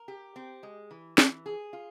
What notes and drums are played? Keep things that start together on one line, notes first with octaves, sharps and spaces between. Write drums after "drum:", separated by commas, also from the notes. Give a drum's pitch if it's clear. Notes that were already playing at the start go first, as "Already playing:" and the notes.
Already playing: A#4
G4
C4
G#3
E3
E3, drum: snare
G#4
F4